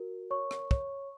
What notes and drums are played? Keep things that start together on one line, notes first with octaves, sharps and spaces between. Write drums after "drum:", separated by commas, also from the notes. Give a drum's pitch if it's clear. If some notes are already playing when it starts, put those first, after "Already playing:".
Already playing: F#4 A#4
C#5 C#6
drum: rim click
C#5, drum: kick